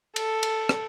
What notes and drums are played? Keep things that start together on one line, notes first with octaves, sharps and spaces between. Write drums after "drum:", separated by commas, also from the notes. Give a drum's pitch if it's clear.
A4, drum: cymbal
drum: cymbal
drum: rim click